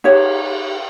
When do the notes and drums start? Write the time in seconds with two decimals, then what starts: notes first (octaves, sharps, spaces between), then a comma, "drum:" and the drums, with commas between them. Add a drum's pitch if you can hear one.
0.04 D#4 G4 C#5, drum: cymbal